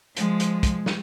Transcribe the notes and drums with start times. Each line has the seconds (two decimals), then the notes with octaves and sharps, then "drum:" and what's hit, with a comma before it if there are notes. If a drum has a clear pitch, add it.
0.17 F3 G#3, drum: hi-hat
0.40 drum: hi-hat
0.63 drum: kick, hi-hat
0.86 drum: snare